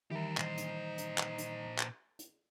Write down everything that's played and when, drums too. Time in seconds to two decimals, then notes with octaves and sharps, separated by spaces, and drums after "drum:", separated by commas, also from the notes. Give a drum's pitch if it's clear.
0.11 D#3 E3 G3 E4 G4 A#4
0.37 A#2 D#4 C5, drum: clap
0.58 drum: hi-hat
0.98 drum: hi-hat
1.18 drum: clap
1.38 drum: hi-hat
1.79 drum: clap
2.19 drum: hi-hat